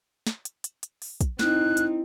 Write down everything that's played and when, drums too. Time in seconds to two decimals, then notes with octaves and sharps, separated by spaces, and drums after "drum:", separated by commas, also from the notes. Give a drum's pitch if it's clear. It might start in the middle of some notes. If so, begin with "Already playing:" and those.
0.27 drum: snare
0.45 drum: hi-hat
0.64 drum: hi-hat
0.83 drum: hi-hat
1.02 drum: open hi-hat
1.21 drum: kick, hi-hat
1.39 C4 D#4 E4 F#6, drum: snare
1.77 drum: hi-hat